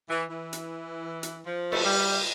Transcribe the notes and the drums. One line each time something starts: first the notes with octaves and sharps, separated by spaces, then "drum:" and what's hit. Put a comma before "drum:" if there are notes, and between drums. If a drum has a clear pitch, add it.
E3
E3
drum: hi-hat
drum: hi-hat
F3
A3, drum: cymbal
G3